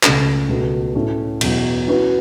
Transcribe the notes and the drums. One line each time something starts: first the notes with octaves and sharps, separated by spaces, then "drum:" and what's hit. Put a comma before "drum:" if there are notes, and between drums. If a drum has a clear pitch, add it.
C#2 C#3 A3 C#4 A4, drum: clap
C#2 B2 A3 F#4
A2 A3 C#4
E2 B2 F#3, drum: cymbal
E3 C#4 F#4 B4